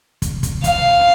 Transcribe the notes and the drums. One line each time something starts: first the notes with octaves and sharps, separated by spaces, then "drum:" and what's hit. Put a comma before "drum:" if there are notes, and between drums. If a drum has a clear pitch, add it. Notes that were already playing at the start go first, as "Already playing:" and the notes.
drum: kick, hi-hat
drum: kick, hi-hat
F5, drum: kick, hi-hat